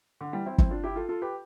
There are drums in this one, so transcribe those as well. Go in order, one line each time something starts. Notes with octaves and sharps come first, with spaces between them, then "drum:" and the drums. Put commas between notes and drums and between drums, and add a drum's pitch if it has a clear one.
D3
E3 G3
C4 E4
C4 E4, drum: kick
D4 F4
E4 G4
F4 A4
F4 A4
G4 B4